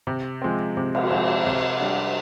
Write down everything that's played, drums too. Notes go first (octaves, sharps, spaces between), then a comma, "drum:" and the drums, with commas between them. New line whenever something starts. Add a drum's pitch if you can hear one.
C3
F3 G#3 C4
C3
drum: cymbal
F3 G#3 C4, drum: cymbal
C3
G3 D4